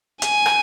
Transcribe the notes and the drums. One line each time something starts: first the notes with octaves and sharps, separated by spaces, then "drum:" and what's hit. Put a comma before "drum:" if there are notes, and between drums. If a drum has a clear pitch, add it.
G#5, drum: hi-hat
drum: rim click